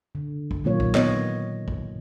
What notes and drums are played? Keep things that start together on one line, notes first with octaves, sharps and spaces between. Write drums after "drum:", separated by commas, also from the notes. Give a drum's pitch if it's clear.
D3
drum: kick
A#2 D#3 F#3 A#3 F4 C#5
drum: kick
B3 C#5 D#5, drum: clap
drum: kick